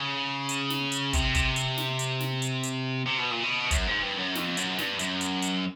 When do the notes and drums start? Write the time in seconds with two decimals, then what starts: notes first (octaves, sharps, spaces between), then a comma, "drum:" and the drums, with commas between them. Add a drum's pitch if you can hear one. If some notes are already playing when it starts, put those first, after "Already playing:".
Already playing: C#3
0.49 drum: hi-hat
0.70 drum: snare
0.92 drum: hi-hat
1.13 C3, drum: kick, hi-hat
1.35 drum: kick, hi-hat
1.56 drum: hi-hat
1.77 drum: snare
1.99 drum: hi-hat
2.20 drum: snare
2.42 drum: hi-hat
2.63 drum: hi-hat
3.06 C3
3.18 B2
3.31 A#2
3.43 B2
3.71 F#2, drum: kick, hi-hat
3.87 G#2
4.02 G2
4.18 F#2
4.35 F2, drum: snare
4.57 F#2, drum: hi-hat
4.78 G2, drum: snare
4.99 F#2, drum: hi-hat
5.21 drum: hi-hat
5.42 drum: hi-hat